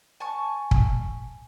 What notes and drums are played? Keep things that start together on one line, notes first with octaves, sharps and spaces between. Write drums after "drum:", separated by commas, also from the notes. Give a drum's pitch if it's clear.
G#5 A5 C#6
drum: kick